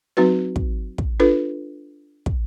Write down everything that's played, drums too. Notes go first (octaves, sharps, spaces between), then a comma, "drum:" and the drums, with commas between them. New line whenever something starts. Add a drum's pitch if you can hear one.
F#3 C4 D#4 F#4 B4
drum: kick
drum: kick
D4 F4 A4 B4
drum: kick